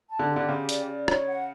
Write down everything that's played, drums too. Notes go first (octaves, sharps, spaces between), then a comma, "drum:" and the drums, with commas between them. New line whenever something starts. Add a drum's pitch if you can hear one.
A5
D3
G4
D3
C#3 G4
D5, drum: hi-hat
D5
C#5, drum: rim click
F#5